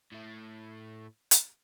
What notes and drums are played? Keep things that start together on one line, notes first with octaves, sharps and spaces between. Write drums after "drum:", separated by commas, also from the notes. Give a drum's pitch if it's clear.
A2 A3
drum: hi-hat